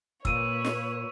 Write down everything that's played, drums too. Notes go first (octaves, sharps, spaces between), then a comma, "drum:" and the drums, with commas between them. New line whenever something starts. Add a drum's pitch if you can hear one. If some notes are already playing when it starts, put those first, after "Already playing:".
A#2 B4 C#5 E6 D#7, drum: kick
drum: snare